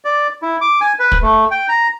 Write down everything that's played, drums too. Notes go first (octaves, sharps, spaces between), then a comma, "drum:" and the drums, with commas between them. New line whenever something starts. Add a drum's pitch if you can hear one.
D5
E4
D6
G#5
B4
drum: kick
A3
G5
A#5